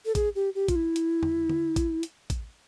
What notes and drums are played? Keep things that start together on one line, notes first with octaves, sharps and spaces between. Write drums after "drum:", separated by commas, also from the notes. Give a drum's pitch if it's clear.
A4
G#4, drum: kick A1, hi-hat
G4
G4
F4, drum: kick A1, hi-hat
E4
drum: hi-hat
drum: tom E2
drum: tom D3
drum: kick A1, hi-hat
drum: hi-hat
drum: kick A1, hi-hat